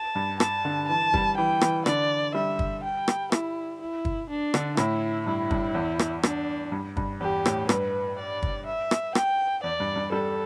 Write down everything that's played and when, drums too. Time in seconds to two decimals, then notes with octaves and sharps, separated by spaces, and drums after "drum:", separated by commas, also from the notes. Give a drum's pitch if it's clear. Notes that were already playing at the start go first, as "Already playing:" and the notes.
Already playing: A5
0.15 G2
0.40 A5, drum: rim click
0.65 D3
0.88 E3 A5
1.14 G3, drum: kick
1.37 E3 G5
1.61 E3, drum: rim click
1.86 D3 D5, drum: rim click
2.34 G3 E5
2.59 drum: kick
2.83 G5
3.08 drum: rim click
3.32 E4, drum: rim click
3.81 E4
4.05 drum: kick
4.30 D4
4.54 D3, drum: rim click
4.77 A2 E4, drum: rim click
5.26 G2 E4
5.51 G2, drum: kick
5.74 E2
5.99 drum: rim click
6.23 D4, drum: rim click
6.72 G2
6.97 G2, drum: kick
7.20 E2 G4
7.46 A2, drum: rim click
7.69 G2 B4, drum: rim click
8.19 D5
8.43 drum: kick
8.66 E5
8.91 drum: rim click
9.15 G5, drum: rim click
9.64 E2 D5
9.80 G2
9.96 G2
10.12 G3 A4